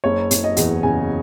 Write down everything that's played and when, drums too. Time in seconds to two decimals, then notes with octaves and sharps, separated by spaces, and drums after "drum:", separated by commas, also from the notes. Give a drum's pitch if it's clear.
0.04 F#1 C#5
0.31 F#1, drum: hi-hat
0.44 D#5
0.57 E2, drum: hi-hat
0.83 C#3 G#5